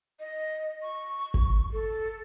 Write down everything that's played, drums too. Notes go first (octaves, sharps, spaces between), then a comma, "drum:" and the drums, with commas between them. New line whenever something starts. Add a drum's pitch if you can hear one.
D#5
C#6
drum: kick G1
A4